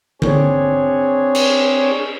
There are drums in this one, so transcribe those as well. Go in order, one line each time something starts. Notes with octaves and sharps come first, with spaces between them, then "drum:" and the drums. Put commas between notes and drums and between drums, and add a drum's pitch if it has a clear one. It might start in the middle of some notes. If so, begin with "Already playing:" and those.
C4 D4 G#4 C#5, drum: tom D3
drum: cymbal